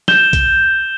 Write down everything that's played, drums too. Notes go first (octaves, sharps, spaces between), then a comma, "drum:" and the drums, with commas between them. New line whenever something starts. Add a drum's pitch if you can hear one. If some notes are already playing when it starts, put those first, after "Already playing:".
G6 E7 G7, drum: snare
drum: kick B1, hi-hat